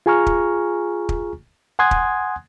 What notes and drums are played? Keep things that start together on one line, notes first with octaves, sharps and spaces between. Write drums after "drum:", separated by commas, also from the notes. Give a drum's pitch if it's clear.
F4 G#4 G#5 A#5 C#6 F6
drum: kick
drum: kick
F#5 G#5 C6 D#6 F#6 G#6
drum: kick